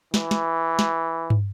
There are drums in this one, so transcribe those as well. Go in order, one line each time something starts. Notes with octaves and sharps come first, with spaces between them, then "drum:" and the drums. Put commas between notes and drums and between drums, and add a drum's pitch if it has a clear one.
E3, drum: snare
drum: snare
drum: snare
drum: tom